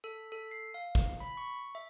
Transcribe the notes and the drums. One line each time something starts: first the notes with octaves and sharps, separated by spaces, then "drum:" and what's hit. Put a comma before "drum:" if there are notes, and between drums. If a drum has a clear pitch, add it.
A4
A4
C7
F5
drum: kick
B5
C#6
E5